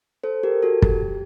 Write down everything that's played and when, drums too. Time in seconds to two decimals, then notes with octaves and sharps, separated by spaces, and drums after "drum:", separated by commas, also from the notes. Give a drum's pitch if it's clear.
0.24 A4 C5
0.43 G4 A#4
0.63 F#4 A4
0.82 G4, drum: kick